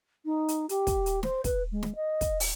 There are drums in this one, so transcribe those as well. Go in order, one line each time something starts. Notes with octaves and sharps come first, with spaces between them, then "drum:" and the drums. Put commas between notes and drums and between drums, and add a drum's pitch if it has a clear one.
D#4
drum: hi-hat
G4, drum: hi-hat
drum: kick, hi-hat
drum: hi-hat
C5, drum: snare
B4, drum: kick, hi-hat
G#3
drum: snare
D#5
drum: kick, hi-hat
drum: open hi-hat